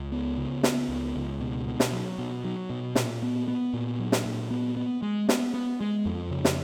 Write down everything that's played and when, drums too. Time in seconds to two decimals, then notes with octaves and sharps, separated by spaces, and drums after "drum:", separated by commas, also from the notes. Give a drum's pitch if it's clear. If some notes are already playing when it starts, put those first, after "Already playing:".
Already playing: C#2
0.12 B3
0.37 C#3
0.63 B3, drum: snare
0.89 C#2
1.16 C#2
1.41 B2
1.67 B2
1.80 drum: snare
1.92 F#3
2.19 B2
2.44 F#3
2.70 B2
2.95 A#2, drum: snare
3.22 B3
3.48 B3
3.74 A#2
3.99 F#3
4.12 drum: snare
4.26 A#2
4.51 B3
4.76 B3
5.02 G#3
5.29 B3, drum: snare
5.54 B3
5.81 G#3
6.06 F2
6.31 C#3
6.45 drum: snare